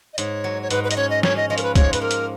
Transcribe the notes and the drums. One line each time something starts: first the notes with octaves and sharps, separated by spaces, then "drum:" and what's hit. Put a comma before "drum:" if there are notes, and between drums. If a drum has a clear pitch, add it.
D#5
G#2 C#5, drum: hi-hat
F#3
C#5
G#2 B4, drum: hi-hat
B4
D#5, drum: hi-hat
C#4 C#5
D#5
C#4 C#5, drum: snare
D#5
F3 D#5
A#4, drum: hi-hat
B4
G#2 C#5, drum: kick, hi-hat
B4, drum: hi-hat
A#3 A#4
drum: hi-hat